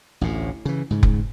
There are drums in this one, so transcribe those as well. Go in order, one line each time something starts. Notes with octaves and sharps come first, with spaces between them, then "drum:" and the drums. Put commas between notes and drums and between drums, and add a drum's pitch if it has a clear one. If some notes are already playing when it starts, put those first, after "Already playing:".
A1 D2 A2
C#3 E3
G#2 C#3
drum: kick F1